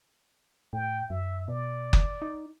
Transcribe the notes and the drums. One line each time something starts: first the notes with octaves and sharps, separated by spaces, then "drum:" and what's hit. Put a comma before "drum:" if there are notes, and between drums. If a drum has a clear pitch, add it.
A2 G5
F#2 E5
B2 D5
drum: kick F#1
D#4